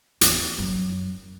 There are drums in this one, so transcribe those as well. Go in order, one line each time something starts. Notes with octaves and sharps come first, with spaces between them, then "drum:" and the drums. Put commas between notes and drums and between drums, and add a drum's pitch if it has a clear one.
E2, drum: hi-hat
F#2